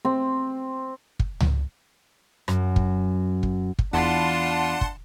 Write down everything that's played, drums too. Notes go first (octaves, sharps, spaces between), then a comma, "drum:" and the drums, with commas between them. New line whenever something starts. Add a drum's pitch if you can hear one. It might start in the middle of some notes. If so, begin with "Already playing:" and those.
C4
drum: kick
drum: tom C#2
F#2, drum: rim click
drum: kick
drum: kick
drum: kick
E2 D4 F4 F#5 A5 B5 C6
drum: kick